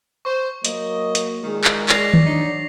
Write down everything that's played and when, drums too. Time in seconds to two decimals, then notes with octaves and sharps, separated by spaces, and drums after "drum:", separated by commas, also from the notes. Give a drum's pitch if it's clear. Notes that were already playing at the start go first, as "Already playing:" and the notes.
0.25 C5 C#6
0.65 F#3 A#3 D#5, drum: hi-hat
1.15 drum: hi-hat
1.44 A#2 D#3 G#3
1.64 drum: clap
1.89 D5 A#6 C7 F7, drum: clap
2.14 drum: tom D#3
2.25 G#2 F#3 D4 D#4